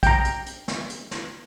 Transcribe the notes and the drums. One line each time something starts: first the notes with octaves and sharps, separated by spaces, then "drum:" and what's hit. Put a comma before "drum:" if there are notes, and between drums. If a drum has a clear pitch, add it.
G5 A#5, drum: kick, hi-hat
drum: hi-hat
drum: hi-hat
drum: snare
drum: hi-hat
drum: snare